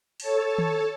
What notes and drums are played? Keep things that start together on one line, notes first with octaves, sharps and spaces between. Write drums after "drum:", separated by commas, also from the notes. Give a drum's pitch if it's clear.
A4 C#5 A5, drum: open hi-hat
drum: tom D#3